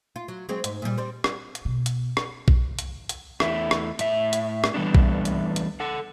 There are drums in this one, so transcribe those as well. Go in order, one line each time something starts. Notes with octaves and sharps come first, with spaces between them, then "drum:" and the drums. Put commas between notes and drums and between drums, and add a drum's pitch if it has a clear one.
F4
F#3
F#3 G#3 C4
G#2, drum: hi-hat
A#2 G3
G3 C4 D5
drum: rim click
drum: hi-hat
B2
drum: hi-hat
drum: rim click
drum: kick A#1
drum: hi-hat
drum: hi-hat
E2 A3 E4, drum: rim click
drum: rim click
A2 E5, drum: hi-hat
drum: hi-hat
drum: rim click
E3 G3 A3 B3 D4
drum: kick A#1
drum: hi-hat
drum: hi-hat
A4 F#5